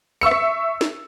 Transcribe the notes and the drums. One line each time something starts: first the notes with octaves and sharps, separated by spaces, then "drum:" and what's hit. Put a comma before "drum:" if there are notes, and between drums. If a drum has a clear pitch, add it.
E5 C#6 E6 C#7
drum: rim click
drum: snare